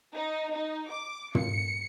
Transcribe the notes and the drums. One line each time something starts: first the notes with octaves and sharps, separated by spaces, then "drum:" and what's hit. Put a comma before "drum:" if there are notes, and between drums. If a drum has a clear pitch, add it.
D#4
D#4
D6
C#7, drum: tom